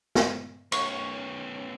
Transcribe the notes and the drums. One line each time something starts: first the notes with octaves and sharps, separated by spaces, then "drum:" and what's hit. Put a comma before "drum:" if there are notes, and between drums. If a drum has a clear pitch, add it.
drum: snare
B3 C#4 C#6, drum: cymbal